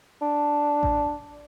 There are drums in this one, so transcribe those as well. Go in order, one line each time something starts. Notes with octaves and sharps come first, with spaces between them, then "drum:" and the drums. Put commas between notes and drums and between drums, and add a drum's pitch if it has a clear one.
D4
drum: kick A1